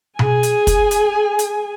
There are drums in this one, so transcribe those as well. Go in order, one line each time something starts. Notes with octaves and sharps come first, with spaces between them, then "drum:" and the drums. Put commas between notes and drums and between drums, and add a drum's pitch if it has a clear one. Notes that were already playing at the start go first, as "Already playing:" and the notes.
G#4 G#5, drum: tom B2
drum: hi-hat
drum: kick, hi-hat
drum: hi-hat
drum: hi-hat